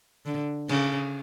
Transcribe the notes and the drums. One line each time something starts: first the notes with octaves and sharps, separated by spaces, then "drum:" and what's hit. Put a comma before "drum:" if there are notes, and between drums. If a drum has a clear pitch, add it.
D3
C#3, drum: cymbal